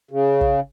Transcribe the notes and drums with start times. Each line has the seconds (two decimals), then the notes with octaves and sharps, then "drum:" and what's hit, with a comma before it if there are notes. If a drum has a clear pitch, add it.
0.11 C#3
0.41 drum: kick